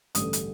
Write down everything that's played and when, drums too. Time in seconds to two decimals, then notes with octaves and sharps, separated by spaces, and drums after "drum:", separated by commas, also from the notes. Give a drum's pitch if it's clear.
0.15 A1 G2 D3 A3 D#6, drum: hi-hat
0.33 drum: hi-hat